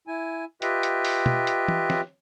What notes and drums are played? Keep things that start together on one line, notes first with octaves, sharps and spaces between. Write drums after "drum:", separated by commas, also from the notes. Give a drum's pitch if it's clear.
E4 G#5
F4 G4 B4 D#5 E5 G5, drum: hi-hat
drum: hi-hat
drum: open hi-hat
drum: tom
drum: hi-hat
drum: tom
drum: snare